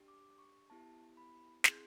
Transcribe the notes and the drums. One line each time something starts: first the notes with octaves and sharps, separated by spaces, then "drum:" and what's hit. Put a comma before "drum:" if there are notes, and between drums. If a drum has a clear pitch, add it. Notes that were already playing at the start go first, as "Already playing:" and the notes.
Already playing: D4 G4
D6
C#6
B3 E4 G4 A5
B5
C4 E4 G#4 C6, drum: snare